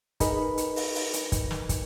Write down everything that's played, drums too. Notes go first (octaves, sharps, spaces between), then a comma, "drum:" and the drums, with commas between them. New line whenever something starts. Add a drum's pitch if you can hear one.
D#4 G#4 A#4 B4 D#5 B5, drum: kick, hi-hat
drum: hi-hat
drum: open hi-hat
drum: open hi-hat
drum: hi-hat
drum: kick, hi-hat
drum: snare
drum: kick, hi-hat